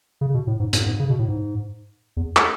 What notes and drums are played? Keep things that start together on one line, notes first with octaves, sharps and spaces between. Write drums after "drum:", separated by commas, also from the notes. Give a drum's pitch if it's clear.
C#3
B2
A2
G#2
G#2, drum: hi-hat
G#2
C#3
B2
A2
G#2
E2
drum: clap